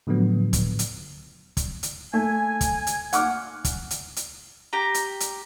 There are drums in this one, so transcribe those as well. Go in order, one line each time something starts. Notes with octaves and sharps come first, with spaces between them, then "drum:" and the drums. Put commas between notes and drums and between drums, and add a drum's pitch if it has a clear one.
A2 D3 F3 F#3 B3
drum: kick, hi-hat
drum: hi-hat
drum: kick, hi-hat
drum: hi-hat
A3 G#5
drum: kick, hi-hat
drum: hi-hat
F#5 D6 F6, drum: hi-hat
drum: kick, hi-hat
drum: hi-hat
drum: hi-hat
G4 A#5
drum: hi-hat
drum: hi-hat